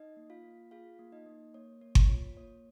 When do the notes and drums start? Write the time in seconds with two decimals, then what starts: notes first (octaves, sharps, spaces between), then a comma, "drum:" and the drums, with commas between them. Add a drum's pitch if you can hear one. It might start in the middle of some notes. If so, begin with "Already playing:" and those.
Already playing: D#4 D#5
0.17 A#3
0.30 F4 F5
0.44 A#3
0.71 F4 G#4 F5
0.99 A#3
1.12 D#4 D#5
1.26 A#3
1.54 A#3 C#5
1.81 A#3 C#5
1.95 drum: kick G1
2.09 F4 C#5
2.37 A#3 C#5